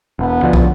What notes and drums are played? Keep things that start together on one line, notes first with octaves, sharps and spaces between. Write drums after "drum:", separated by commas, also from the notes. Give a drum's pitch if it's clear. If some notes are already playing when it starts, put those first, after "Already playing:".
E1 B3
D2 D3 F3
drum: kick